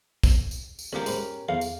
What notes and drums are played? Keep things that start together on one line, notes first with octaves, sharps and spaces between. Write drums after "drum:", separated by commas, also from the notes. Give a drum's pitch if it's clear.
drum: kick, tambourine
drum: tambourine
drum: tambourine
C#2 A#3 C#4 G4 A#4
G#2 B4, drum: tambourine
E2 F5
drum: tambourine